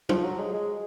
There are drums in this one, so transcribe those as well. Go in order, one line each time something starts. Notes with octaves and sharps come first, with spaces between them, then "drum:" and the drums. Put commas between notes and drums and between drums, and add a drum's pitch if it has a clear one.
F3, drum: tom F#3
F#3
G#3
G#3